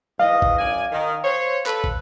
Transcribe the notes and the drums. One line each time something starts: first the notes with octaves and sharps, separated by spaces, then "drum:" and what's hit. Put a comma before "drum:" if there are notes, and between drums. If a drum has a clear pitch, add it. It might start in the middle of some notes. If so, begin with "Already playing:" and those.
G#2 E3 D#5 F5
drum: kick
F#2 D5 G#5
D#3
C5 C#5
A4 B4, drum: clap
drum: kick